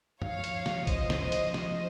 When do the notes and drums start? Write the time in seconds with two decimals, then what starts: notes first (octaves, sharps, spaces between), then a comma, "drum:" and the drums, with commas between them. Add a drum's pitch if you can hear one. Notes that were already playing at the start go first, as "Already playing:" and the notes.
0.22 C#3 F3 C#5 F5, drum: tom F#2
0.44 drum: hi-hat
0.66 drum: snare
0.87 C5 D#5, drum: kick A1, hi-hat
1.10 drum: snare
1.21 C5 D#5
1.32 drum: hi-hat
1.54 C5 D#5, drum: snare